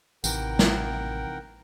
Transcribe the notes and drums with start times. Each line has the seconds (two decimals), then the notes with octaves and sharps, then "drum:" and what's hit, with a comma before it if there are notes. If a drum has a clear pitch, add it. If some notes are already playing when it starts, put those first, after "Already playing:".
0.24 A1 C3 D#3 E3 A#4 F#5 G5, drum: tambourine
0.59 drum: snare